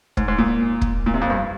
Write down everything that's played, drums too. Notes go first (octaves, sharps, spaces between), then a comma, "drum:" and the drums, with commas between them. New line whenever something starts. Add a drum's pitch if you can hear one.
G#2, drum: kick
G#2
A#2
drum: kick
A#2
C3
F2
G2